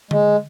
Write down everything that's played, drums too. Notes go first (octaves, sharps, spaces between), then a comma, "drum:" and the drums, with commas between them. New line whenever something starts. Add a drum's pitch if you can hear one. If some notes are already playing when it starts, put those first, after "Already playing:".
G#3, drum: tom D3